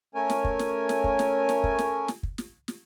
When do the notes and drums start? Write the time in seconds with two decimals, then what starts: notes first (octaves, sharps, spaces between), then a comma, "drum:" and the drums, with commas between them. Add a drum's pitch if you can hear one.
0.15 A3 C#4 A#4 C#5 G#5
0.30 drum: snare
0.44 drum: kick
0.59 drum: snare
0.89 drum: snare
1.04 drum: kick
1.19 drum: snare
1.49 drum: snare
1.64 drum: kick
1.79 drum: snare
2.08 drum: snare
2.23 drum: kick
2.38 drum: snare
2.68 drum: snare